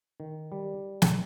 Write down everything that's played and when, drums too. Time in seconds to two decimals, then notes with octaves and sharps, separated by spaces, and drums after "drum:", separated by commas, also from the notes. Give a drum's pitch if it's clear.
0.20 D#3
0.52 G3
1.02 drum: snare